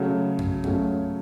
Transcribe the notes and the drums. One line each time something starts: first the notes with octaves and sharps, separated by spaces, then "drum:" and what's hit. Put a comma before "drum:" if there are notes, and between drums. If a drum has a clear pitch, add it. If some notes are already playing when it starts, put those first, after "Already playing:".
Already playing: C#3 F#3 A3 C#4
drum: tom F2
C#3 F#3 A3 C#4, drum: tom F2